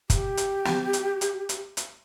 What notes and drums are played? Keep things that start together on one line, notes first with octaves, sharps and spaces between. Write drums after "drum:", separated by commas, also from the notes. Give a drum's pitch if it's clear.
G4, drum: kick, hi-hat
drum: hi-hat
drum: snare
drum: hi-hat
drum: hi-hat
drum: hi-hat
drum: hi-hat